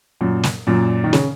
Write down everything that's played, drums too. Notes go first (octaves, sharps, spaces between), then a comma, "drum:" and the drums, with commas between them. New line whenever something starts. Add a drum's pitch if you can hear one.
F#2 A#2
drum: snare
F#2 A#2
D#3
C#3, drum: snare